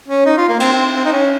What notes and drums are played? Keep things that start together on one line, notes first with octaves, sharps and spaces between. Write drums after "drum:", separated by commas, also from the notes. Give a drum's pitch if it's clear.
C#4
D#4
F4
A#3
C4, drum: cymbal
C4
C4
D#4
C#4